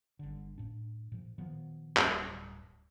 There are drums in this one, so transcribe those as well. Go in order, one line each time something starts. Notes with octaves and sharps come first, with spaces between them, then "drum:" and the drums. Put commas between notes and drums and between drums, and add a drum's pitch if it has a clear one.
G1 D3
A2 D4
A#2 F3
A#2 D#3 F3 B3
D1 G1 G2, drum: clap